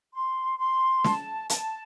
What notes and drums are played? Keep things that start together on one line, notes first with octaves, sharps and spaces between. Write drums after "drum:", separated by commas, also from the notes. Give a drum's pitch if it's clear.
C6
C6
A5, drum: snare
A5, drum: hi-hat